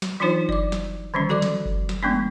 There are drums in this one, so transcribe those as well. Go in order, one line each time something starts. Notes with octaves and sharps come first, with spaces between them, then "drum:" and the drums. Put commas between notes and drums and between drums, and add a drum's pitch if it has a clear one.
drum: snare
E3 F#3 D4 D#4 F4 C5
D5 D6, drum: kick F#1
drum: snare
D3 D#3 F3 G3 C#4
F#4 A4 D5 D6
drum: snare
drum: kick F#1
drum: snare
F3 G#3 A3 B3 C#4 D4